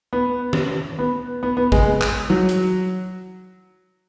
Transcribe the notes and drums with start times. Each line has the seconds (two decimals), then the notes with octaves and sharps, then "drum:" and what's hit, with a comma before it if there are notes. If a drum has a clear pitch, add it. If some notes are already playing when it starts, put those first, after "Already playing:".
0.13 B3
0.53 drum: tom D#3
0.99 B3
1.43 B3
1.57 B3
1.72 G#3, drum: kick
2.02 drum: clap
2.30 F#3
2.49 drum: hi-hat